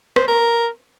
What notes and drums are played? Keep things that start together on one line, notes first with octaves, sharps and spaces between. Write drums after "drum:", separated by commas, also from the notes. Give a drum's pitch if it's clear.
C5, drum: rim click
A#4